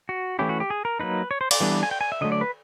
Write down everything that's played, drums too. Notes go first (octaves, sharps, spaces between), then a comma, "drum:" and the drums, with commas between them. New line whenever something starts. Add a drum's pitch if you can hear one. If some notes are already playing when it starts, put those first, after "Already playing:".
F#4
E3 A3 C#4 E4 G4
F#4
G4
G#4
A#4
F#3 A#3 D#4 B4
C#5
C5
D5, drum: cymbal
E3 G3 B3 D4
G#5
G5
G#5
E5
D3 F#3 A3 D#5
D5
B4